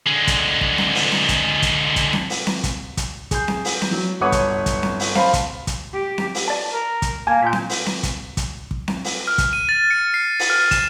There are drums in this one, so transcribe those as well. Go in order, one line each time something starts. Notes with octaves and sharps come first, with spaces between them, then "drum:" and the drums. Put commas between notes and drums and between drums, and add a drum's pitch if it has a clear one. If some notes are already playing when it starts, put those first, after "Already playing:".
D3 G#3
drum: kick, hi-hat
drum: kick
drum: snare C4
drum: open hi-hat
drum: snare C4
drum: kick, hi-hat
drum: kick, hi-hat
drum: kick, hi-hat
drum: snare C4
drum: open hi-hat
drum: snare C4
drum: kick, hi-hat
drum: kick, hi-hat
G#4 G6, drum: kick, hi-hat
drum: snare C4
drum: open hi-hat
drum: snare C4
F#3
G1 B4 C#5 F#5 C#6 D#6
drum: kick, hi-hat
drum: kick, hi-hat
drum: snare C4
drum: open hi-hat
C5 F5 A5 B5, drum: snare C4
drum: kick, hi-hat
drum: kick, hi-hat
G4
drum: snare C4
drum: open hi-hat
D5 A5
A#4
drum: kick, hi-hat
A#3 G#5 A5 G#6
A#2 G6 B6
drum: snare C4
drum: open hi-hat
drum: snare C4
drum: kick, hi-hat
drum: kick, hi-hat
drum: kick
drum: snare C4
drum: open hi-hat
F6
drum: kick, hi-hat
D#7
A6
C#7
C7
drum: open hi-hat
F6
E7, drum: kick, hi-hat